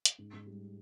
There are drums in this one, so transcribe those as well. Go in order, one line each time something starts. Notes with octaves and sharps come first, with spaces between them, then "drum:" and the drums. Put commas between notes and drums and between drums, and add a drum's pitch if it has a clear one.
drum: hi-hat
G#2
G#2
G3